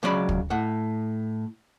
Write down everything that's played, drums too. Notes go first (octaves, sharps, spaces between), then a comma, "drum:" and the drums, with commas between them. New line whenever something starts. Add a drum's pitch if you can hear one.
C#2 C#3 F#3 C#5 D5 B5
drum: kick
A2 F#5